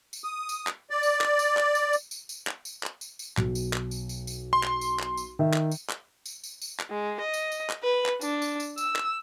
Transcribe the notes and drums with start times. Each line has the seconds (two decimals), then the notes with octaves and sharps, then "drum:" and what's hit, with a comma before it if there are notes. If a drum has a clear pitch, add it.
0.13 drum: tambourine
0.24 D#6
0.49 drum: tambourine
0.67 drum: clap
0.90 D5
1.03 drum: tambourine
1.21 drum: clap
1.39 drum: tambourine
1.57 drum: clap
1.75 drum: tambourine
1.93 drum: tambourine
2.11 drum: tambourine
2.29 drum: tambourine
2.47 drum: clap
2.65 drum: tambourine
2.83 drum: clap
3.01 drum: tambourine
3.19 drum: tambourine
3.37 B1, drum: clap
3.55 drum: tambourine
3.73 drum: clap
3.91 drum: tambourine
4.09 drum: tambourine
4.27 drum: tambourine
4.53 C6
4.63 drum: clap
4.81 drum: tambourine
4.99 drum: clap
5.17 drum: tambourine
5.39 D#3 E5
5.53 drum: clap
5.71 drum: tambourine
5.89 drum: clap
6.26 drum: tambourine
6.44 drum: tambourine
6.62 drum: tambourine
6.80 drum: clap
6.90 G#3
7.21 D#5
7.34 drum: tambourine
7.52 drum: tambourine
7.70 drum: clap
7.83 B4
8.06 drum: clap
8.21 D4, drum: tambourine
8.42 drum: tambourine
8.60 drum: tambourine
8.78 E6, drum: tambourine
8.96 drum: clap